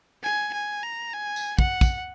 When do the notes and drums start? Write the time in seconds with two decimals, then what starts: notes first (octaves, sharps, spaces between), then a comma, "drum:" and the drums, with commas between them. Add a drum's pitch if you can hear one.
0.23 G#5
0.53 G#5
0.83 A#5
1.13 G#5
1.36 drum: tambourine
1.59 F#5, drum: kick
1.81 drum: kick, tambourine